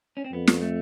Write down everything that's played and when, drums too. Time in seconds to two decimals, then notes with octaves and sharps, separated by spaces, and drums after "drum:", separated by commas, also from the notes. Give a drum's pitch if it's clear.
0.17 C#4
0.24 C4
0.32 F2 B3
0.47 drum: snare
0.62 A3